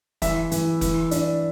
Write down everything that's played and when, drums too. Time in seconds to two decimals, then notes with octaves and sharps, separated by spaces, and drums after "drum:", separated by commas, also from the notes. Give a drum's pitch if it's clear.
0.22 E3 E5, drum: kick F1, hi-hat
0.51 E3, drum: hi-hat
0.81 E3, drum: kick F1, hi-hat
1.11 D4, drum: hi-hat